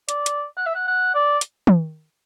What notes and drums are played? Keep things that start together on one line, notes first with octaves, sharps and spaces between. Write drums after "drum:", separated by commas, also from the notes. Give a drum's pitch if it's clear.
D5, drum: hi-hat
drum: hi-hat
F#5
E5
F#5
F#5
D5
drum: hi-hat
drum: tom